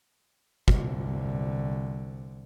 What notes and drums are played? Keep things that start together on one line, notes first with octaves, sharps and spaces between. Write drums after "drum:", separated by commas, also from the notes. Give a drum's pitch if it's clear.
C2 D3, drum: kick